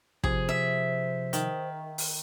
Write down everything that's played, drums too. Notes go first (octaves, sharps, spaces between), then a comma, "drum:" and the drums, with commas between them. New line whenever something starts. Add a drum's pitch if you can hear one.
C3 F3 G#4 C5, drum: kick
E5
D#3, drum: hi-hat
drum: open hi-hat